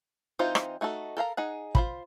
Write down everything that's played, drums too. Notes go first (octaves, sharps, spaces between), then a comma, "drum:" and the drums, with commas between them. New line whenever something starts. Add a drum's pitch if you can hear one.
E3 C4 D#4 F4 C5
drum: rim click
A3 D#4 F#4 A4
A4 A#4 F5 A#5
D#4 G#4 F#5
F4 C5 B5, drum: kick